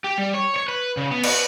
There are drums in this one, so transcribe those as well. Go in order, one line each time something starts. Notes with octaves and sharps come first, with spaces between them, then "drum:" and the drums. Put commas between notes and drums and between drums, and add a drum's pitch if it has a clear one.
G4
G3
C#5
C#5
B4
C#3
B3
B4, drum: cymbal